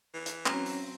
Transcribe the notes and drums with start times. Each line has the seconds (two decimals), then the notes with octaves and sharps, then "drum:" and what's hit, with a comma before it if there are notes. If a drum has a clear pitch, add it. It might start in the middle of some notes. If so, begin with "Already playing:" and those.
0.14 E3
0.26 drum: hi-hat
0.46 F#3 C4 C#4 A#5 A#6, drum: clap
0.66 drum: open hi-hat